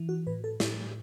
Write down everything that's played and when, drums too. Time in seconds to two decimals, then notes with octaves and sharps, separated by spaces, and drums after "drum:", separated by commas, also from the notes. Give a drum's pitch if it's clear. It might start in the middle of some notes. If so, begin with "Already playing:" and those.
Already playing: E3
0.09 F#4
0.27 A2 B4
0.44 A4
0.60 A2 E4, drum: snare